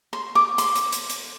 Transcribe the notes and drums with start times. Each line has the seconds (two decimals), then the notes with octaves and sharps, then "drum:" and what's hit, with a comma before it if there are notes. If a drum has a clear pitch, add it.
0.13 C6
0.35 D6
0.58 C6, drum: hi-hat
0.75 drum: hi-hat
0.92 drum: hi-hat
1.09 drum: hi-hat